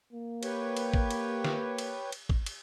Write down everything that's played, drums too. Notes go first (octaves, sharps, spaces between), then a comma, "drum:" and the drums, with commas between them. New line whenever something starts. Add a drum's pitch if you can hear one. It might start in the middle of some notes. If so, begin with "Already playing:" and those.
A#3
G4 B4 C#5, drum: cymbal
drum: cymbal
drum: kick
drum: cymbal
drum: snare
drum: cymbal
drum: cymbal
drum: kick
drum: cymbal